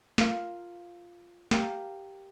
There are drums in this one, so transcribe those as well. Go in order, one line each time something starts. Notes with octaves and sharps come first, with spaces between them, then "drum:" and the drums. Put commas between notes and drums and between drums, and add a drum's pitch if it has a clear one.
F4 A#4 F5, drum: snare
G4 A#4 F5 A#5, drum: snare